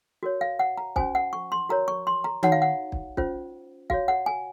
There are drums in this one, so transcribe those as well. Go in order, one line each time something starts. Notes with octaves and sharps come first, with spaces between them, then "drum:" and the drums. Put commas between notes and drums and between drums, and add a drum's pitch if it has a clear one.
F#4 A#4 C#5
F5
F#5
A#5
C#4 F#4 C5 G#5, drum: kick
F#5
C#6
C6
F#4 A#4 C#5 A#5
C#6
C6
A#5
D#4 F#4 C#5 F#5, drum: tom D#3
F5
F#5
drum: kick
C#4 F4 C5, drum: kick
F#4 C#5 F5, drum: kick
F#5
G#5